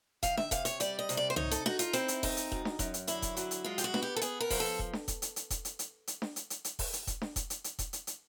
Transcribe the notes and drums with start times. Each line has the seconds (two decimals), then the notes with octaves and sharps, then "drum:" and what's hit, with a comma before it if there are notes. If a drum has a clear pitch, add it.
0.23 D#3 F5, drum: kick E1, hi-hat
0.37 E5, drum: snare D4
0.51 C3 F5, drum: kick E1, hi-hat
0.65 C#5, drum: hi-hat
0.80 G3 D5, drum: hi-hat
0.99 D#5
1.09 C3, drum: hi-hat
1.17 D5
1.30 C5
1.36 D#4 C#5, drum: tom C2
1.51 A4, drum: hi-hat
1.66 D#4 F#4, drum: snare D4
1.79 F4, drum: hi-hat
1.93 C4 E4, drum: hi-hat
2.08 drum: hi-hat
2.23 D#4, drum: kick E1, open hi-hat
2.37 drum: hi-hat
2.52 F#2, drum: kick E1
2.65 drum: snare D4
2.79 F#2, drum: kick E1, hi-hat
2.94 drum: hi-hat
3.07 D3 E4, drum: hi-hat
3.22 drum: kick E1, hi-hat
3.37 F#3, drum: hi-hat
3.51 drum: hi-hat
3.64 G#3 F4
3.78 G4, drum: hi-hat
3.84 F#4
3.94 B3, drum: snare D4
4.02 G4
4.16 A4
4.22 B3 G#4, drum: hi-hat
4.41 A#4
4.50 F3, drum: kick E1, open hi-hat
4.60 A4
4.79 drum: kick E1
4.93 drum: snare D4
5.08 drum: kick E1, hi-hat
5.22 drum: hi-hat
5.36 drum: hi-hat
5.50 drum: kick E1, hi-hat
5.65 drum: hi-hat
5.79 drum: hi-hat
6.07 drum: hi-hat
6.22 drum: snare D4
6.36 drum: hi-hat
6.50 drum: hi-hat
6.64 drum: hi-hat
6.79 drum: kick E1, open hi-hat
6.93 drum: hi-hat
7.07 drum: kick E1, hi-hat
7.22 drum: snare D4
7.36 drum: kick E1, hi-hat
7.50 drum: hi-hat
7.64 drum: hi-hat
7.79 drum: kick E1, hi-hat
7.93 drum: hi-hat
8.07 drum: hi-hat